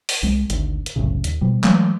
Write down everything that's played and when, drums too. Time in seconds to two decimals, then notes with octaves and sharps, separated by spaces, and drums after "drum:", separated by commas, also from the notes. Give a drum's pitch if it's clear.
0.09 drum: open hi-hat
0.23 C2 G#3
0.50 G#1 D2, drum: hi-hat
0.86 drum: hi-hat
0.96 F#1 C2 A2 C#3
1.24 D#2, drum: hi-hat
1.41 B2 F3 G3
1.64 E3 F#3 G#3 A3, drum: clap